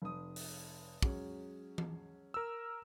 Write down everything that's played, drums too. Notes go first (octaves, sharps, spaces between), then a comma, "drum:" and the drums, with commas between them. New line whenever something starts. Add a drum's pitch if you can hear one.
F1 D#6
drum: open hi-hat
F#3 G#3 C#4, drum: kick
drum: tom E3
A#4 E6